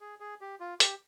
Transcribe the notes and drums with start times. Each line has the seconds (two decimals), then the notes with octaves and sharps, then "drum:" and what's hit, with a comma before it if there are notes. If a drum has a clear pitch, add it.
0.01 G#4
0.20 G#4
0.41 G4
0.60 F4
0.80 G4, drum: hi-hat